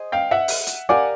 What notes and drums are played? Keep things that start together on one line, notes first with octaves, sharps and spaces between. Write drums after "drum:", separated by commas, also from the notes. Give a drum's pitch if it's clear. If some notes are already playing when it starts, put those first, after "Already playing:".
Already playing: G#4 C5 D#5
F5 G5
E5 F#5
drum: open hi-hat
drum: hi-hat
G4 A#4 D5 F5 F#5 G#5